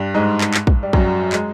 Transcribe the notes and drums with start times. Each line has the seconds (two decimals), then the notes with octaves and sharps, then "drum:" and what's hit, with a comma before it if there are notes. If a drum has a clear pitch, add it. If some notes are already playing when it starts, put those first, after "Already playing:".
Already playing: G2 G3
0.14 G#2 G#3
0.41 drum: clap
0.54 drum: clap
0.67 drum: kick
0.83 G3
0.93 F#2 F#3, drum: kick
1.33 G#3, drum: clap